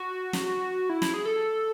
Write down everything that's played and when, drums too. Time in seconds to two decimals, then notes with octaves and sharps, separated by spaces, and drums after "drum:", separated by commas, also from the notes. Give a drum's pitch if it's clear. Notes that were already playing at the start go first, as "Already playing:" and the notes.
Already playing: F#4
0.33 drum: snare
0.89 E4
1.02 E4, drum: snare
1.14 G#4
1.25 A4